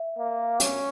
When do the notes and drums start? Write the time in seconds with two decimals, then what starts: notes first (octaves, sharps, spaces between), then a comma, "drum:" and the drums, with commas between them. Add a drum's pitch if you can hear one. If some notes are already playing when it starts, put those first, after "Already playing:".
Already playing: E5
0.18 A#3
0.60 C#4, drum: hi-hat